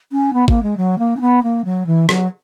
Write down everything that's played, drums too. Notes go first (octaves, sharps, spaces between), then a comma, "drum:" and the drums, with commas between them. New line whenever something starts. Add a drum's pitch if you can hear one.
C#4
B3
A#3, drum: kick G#1
G#3
F#3
A#3
C#4
B3
A#3
F#3
E3
F#3, drum: rim click